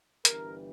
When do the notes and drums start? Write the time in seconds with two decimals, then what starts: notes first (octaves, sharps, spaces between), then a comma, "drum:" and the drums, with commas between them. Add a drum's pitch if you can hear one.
0.25 G1 G2 E3 G3 A#4, drum: hi-hat